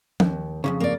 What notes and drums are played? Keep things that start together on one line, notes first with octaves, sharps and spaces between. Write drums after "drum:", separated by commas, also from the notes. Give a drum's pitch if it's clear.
D#2, drum: tom
F2 A#2 C#3
A#3 D5